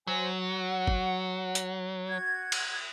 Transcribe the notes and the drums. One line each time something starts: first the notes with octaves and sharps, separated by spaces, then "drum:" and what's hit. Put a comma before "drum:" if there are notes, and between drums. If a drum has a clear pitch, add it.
F#3 C5 G#5
F#5
drum: kick
drum: hi-hat
F#4 G#6
drum: cymbal